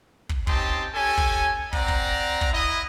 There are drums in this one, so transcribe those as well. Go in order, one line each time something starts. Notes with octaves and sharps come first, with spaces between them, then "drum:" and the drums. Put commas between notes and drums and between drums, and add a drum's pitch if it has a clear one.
drum: kick
C4 C#4 D#4 G4 A5 C6, drum: kick
C#4 G4 A4 G#5
drum: kick
C4 D5 F#5 A#5, drum: kick
drum: kick
drum: kick
E4 D#5